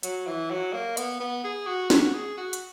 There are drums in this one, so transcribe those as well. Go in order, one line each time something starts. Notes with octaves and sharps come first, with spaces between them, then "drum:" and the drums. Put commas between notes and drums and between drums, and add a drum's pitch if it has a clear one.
F#3, drum: hi-hat
E3
F#3
A#3
B3, drum: hi-hat
B3
G#4
F#4
F#4, drum: snare
G#4
F#4
drum: hi-hat